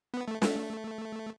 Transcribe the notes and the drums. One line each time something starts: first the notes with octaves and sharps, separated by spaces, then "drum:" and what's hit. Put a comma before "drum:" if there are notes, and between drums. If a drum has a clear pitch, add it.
B3
A3
A3, drum: snare